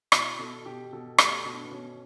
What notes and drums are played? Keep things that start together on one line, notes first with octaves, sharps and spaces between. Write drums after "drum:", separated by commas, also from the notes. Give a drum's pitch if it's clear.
B2 E4, drum: rim click
B2 A4
B2 G4
B2 A4
A3 G4, drum: rim click
B2
D4
B3
B2 C#4